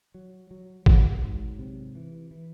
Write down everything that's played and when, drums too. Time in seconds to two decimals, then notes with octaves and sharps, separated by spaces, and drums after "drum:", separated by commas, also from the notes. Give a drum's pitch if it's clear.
0.14 F#3
0.51 F#3
0.86 F#3, drum: kick
1.23 G#2
1.59 C3
1.95 E3
2.31 E3